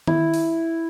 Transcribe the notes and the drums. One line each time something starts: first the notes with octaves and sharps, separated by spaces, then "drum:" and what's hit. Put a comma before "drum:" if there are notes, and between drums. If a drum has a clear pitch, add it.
E4, drum: tom D#3
drum: open hi-hat